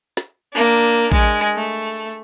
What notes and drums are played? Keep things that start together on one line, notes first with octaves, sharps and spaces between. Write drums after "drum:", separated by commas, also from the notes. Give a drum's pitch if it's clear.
drum: snare
A#3 D4
G#3, drum: kick A1
A3